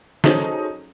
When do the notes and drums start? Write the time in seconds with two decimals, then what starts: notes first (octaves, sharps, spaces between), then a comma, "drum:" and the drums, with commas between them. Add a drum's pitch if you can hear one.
0.24 F#3 C#4 D#4 G#4 A4 C5, drum: snare